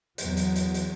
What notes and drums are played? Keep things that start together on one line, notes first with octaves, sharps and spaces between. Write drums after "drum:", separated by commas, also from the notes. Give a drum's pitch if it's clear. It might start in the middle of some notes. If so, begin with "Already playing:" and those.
E2 F#3, drum: hi-hat
drum: hi-hat
drum: hi-hat
drum: hi-hat